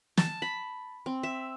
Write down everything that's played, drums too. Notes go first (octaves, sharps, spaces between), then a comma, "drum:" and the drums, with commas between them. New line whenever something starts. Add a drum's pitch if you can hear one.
A5, drum: snare
B5
C4
E5